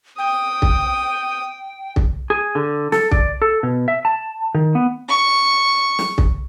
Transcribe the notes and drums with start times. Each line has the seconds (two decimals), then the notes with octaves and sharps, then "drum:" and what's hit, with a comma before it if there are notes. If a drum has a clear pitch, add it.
0.18 G5 D#6
0.62 drum: kick
1.96 drum: kick
2.30 G#4
2.55 D3
2.92 A4, drum: snare
3.11 D5, drum: kick
3.42 A4
3.63 B2
3.88 E5
4.05 A5
4.55 D#3
4.75 B3
5.09 C#6
5.99 drum: snare
6.18 drum: kick